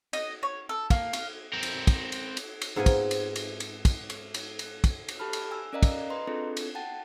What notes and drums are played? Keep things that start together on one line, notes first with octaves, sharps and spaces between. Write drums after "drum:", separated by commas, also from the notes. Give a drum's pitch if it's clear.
D#5, drum: cymbal
C#5
A4
A#3, drum: kick, cymbal
F5, drum: cymbal
C4 A#4
drum: cymbal
drum: kick, cymbal
drum: cymbal
drum: cymbal
drum: cymbal
G#2 B3 C4 F4 G#5
drum: kick, cymbal
drum: cymbal
drum: cymbal
drum: cymbal
drum: kick, cymbal
drum: cymbal
drum: cymbal
drum: cymbal
drum: kick, cymbal
drum: cymbal
G4 A4 A5 B5 F6
drum: cymbal
G#5 E6
C#4 A#4 D5 D#5 F5 A#5
drum: kick, cymbal
B4 D#5 A#5 C6
C4 D4 F4 G#4 A4
drum: cymbal
F#5 G5 A5 A6